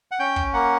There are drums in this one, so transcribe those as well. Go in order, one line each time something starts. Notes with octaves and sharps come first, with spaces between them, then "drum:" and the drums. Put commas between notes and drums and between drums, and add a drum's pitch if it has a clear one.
F#5
C#4 G5
drum: kick
A#3 F#5